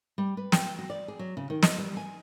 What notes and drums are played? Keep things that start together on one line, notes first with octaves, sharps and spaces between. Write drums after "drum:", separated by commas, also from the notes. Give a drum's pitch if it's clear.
G3
B4
G5, drum: snare
F#4
D5
G#4
F#3
C#3
D#3
D#5, drum: snare
G3
G#5